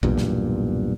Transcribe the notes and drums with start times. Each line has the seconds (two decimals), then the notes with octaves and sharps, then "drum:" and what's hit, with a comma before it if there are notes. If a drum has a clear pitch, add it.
0.03 B1 E2 G2 A#2, drum: kick
0.18 drum: snare